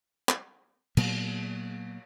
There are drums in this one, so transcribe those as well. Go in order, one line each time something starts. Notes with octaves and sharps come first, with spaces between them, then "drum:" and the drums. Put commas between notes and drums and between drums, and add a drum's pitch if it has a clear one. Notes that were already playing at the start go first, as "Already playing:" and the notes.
drum: clap
A#2 F#3 A#3 B3, drum: cymbal